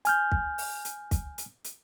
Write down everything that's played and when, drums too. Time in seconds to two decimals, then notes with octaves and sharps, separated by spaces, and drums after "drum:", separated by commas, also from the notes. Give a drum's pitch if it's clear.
0.05 G#5 F6 G6, drum: hi-hat
0.32 drum: kick
0.58 drum: open hi-hat
0.85 drum: hi-hat
1.11 drum: kick, hi-hat
1.38 drum: hi-hat
1.64 drum: hi-hat